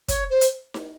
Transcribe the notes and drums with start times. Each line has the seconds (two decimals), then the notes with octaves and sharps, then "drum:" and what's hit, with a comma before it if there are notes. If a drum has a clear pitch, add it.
0.08 C#5, drum: kick, hi-hat
0.30 C5
0.41 drum: hi-hat
0.74 drum: snare D#4